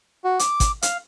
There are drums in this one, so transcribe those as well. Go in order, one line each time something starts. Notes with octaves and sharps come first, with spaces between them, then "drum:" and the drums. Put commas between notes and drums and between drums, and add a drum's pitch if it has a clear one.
F#4
D6, drum: hi-hat
drum: kick, hi-hat
F5, drum: hi-hat